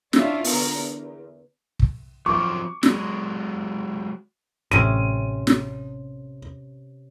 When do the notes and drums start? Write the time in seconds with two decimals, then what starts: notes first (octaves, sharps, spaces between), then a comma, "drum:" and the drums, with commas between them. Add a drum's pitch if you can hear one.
0.13 C#4 D4 E4 F4 D5 F5, drum: snare
0.44 B2 D3 B3 A#4, drum: open hi-hat
0.75 E2
1.79 drum: kick
2.26 F3 F#3 C4 C#6 D6
2.83 F#3 G#3, drum: snare
4.71 A1 C3 C#4 D#7
5.47 drum: snare